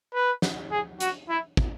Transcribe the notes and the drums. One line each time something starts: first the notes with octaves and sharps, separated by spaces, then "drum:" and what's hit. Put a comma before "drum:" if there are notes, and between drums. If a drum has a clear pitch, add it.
B4
drum: snare
G#4
F#4, drum: hi-hat
E4
drum: kick